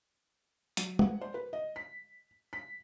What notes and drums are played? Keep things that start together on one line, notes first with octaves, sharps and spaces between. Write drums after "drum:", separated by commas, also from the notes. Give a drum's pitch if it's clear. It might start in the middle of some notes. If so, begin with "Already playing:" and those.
F#3, drum: hi-hat
F#5, drum: tom G#3
C5
B4
D#5
B6
B6